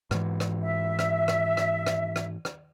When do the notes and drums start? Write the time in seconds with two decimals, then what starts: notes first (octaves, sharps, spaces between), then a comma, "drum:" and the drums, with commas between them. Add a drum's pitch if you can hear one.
0.11 G#2 E3, drum: rim click
0.40 drum: rim click
0.63 E5
0.99 drum: rim click
1.28 drum: rim click
1.57 drum: rim click
1.87 drum: rim click
2.16 drum: rim click
2.45 drum: rim click